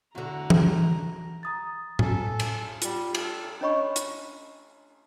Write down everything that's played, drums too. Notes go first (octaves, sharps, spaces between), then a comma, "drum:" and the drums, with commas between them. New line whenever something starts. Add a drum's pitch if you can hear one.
E2 D3 F#4 A#5
drum: tom E3
A#5 D#6 A6
A4 G#5, drum: tom A2
drum: cymbal
G3 F4, drum: hi-hat
A4, drum: cymbal
C#4 D4 C#5 D#5 B5 C#6
drum: hi-hat